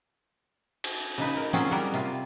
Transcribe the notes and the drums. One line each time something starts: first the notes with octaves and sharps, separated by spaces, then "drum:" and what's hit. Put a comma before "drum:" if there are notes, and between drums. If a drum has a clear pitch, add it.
drum: cymbal
C#3 D#4 B4
A#4
F#3 C4 C#4 F4 F#4 G#4
G3 A#4 F#5
C3 F4